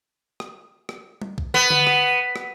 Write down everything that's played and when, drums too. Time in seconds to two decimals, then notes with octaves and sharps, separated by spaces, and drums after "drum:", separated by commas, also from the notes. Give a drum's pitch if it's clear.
0.40 drum: rim click
0.89 drum: rim click
1.22 drum: tom G3
1.38 drum: kick B1
1.54 B3
1.70 drum: tom D3
1.87 drum: rim click
2.36 drum: rim click